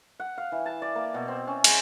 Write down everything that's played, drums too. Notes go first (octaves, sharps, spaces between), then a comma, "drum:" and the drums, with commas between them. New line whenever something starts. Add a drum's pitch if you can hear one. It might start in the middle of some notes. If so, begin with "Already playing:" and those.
F#5
F5
E3
A5
D5
A#3
B2
C4
C#4
G#3, drum: cymbal